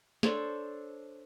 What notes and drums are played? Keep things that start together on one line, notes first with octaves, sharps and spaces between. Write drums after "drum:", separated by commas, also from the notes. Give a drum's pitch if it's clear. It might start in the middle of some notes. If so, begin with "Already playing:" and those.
D4 A4 C5 C#5, drum: snare